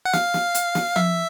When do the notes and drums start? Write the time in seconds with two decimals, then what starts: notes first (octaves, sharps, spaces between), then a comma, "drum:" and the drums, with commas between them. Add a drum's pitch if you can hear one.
0.05 F#5
0.13 F5, drum: snare
0.34 drum: snare
0.55 drum: hi-hat
0.75 drum: snare
0.96 E5, drum: tom F3